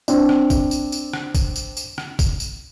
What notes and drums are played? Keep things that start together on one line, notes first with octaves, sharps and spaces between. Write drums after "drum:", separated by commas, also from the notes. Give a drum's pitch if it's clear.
C4 D4, drum: tambourine
drum: rim click
drum: kick G#1, tambourine
drum: tambourine
drum: tambourine
drum: rim click
drum: kick G#1, tambourine
drum: tambourine
drum: tambourine
drum: rim click
drum: kick G#1, tambourine
drum: tambourine